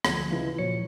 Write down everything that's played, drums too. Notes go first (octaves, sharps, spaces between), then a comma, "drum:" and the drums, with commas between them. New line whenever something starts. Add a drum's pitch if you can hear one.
D2 F3 G#6, drum: rim click
C#3 E3 G#3 E4 F4
A#2 F3 F#3 C#5 C#7